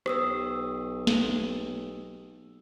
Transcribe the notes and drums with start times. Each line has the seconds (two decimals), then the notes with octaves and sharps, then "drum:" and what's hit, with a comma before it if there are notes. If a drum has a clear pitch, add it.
0.06 B1 G4 D#6 E6, drum: rim click
1.07 drum: snare